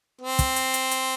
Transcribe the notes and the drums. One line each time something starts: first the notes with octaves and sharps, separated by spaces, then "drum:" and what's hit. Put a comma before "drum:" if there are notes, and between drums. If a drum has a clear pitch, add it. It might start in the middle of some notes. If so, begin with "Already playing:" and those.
C4
drum: kick, hi-hat
drum: hi-hat
drum: hi-hat
drum: hi-hat